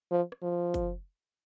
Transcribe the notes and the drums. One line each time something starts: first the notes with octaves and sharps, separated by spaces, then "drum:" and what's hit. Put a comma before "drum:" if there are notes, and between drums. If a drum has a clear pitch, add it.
F3
drum: rim click
F3
drum: kick, hi-hat